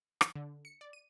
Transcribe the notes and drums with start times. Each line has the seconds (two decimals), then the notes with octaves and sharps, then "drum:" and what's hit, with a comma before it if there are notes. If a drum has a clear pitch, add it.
0.21 drum: rim click
0.35 D3
0.65 C#7
0.81 D5
0.93 D#7